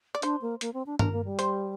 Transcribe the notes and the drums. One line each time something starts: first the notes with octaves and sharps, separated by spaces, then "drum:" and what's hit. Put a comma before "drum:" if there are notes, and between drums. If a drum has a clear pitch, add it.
D5
D4 C5, drum: hi-hat
A#3
A#3, drum: hi-hat
C4
D4
D4 A#4, drum: tom G2
A#3
G3
C5, drum: hi-hat